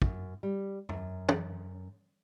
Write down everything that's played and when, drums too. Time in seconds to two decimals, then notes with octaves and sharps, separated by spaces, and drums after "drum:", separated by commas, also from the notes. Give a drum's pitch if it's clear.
0.02 F#2, drum: kick
0.43 G3
0.89 F#2, drum: tom
1.29 drum: tom